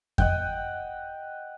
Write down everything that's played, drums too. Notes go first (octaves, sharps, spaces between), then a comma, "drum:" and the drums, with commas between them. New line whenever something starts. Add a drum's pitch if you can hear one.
D#5 F#5 G5, drum: kick F2